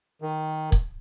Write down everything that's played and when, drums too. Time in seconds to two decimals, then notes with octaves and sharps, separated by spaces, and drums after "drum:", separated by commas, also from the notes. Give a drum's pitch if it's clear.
0.21 D#3
0.72 drum: kick